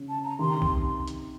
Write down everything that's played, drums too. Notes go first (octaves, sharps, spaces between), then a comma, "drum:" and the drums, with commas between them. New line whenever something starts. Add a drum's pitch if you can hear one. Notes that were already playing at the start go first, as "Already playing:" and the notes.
Already playing: C#3
A5
A#5
C3 D#3 C6
drum: kick B1
drum: hi-hat